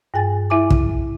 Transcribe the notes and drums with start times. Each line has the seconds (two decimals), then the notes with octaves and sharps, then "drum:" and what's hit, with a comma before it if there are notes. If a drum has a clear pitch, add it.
0.14 G2 G#4 G#5 A6
0.50 E4 E5 G#5 D6
0.70 drum: kick